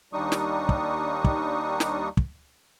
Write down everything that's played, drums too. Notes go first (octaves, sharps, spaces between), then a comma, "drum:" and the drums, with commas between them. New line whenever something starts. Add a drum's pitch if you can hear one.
D#2 G3 D4 D#4 C#6 D#6
drum: snare
drum: kick
drum: kick
drum: snare
drum: kick